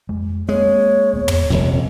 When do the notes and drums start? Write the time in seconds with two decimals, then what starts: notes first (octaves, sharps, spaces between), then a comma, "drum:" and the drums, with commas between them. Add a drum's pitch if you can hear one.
0.09 F2 G#3
0.49 G#3 A#3 C4 C#5
1.13 D1 B3
1.28 drum: tom
1.50 D#1 G#1 F2 C3